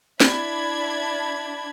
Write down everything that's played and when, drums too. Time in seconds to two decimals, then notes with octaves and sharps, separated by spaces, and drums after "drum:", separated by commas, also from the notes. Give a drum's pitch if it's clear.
0.20 D4 E4 B5 G#6, drum: snare